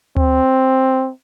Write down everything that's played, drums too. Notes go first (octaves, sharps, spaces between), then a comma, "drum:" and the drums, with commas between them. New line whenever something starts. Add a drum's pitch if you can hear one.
C4, drum: tom D2